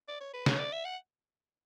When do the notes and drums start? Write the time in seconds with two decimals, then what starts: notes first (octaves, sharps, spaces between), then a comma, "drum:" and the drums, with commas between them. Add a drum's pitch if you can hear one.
0.08 D5
0.21 C#5
0.34 B4
0.46 C#5, drum: snare
0.59 D5
0.72 E5
0.85 F#5